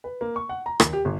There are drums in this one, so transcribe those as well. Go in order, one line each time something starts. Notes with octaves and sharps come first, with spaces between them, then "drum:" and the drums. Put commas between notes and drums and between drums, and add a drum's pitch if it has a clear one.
B4
A#3
C#6
F#5
A#5
D#2, drum: rim click
G4
G1